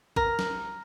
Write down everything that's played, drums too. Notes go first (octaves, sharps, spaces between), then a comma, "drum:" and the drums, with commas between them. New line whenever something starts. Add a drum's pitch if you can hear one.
A#4, drum: kick
drum: snare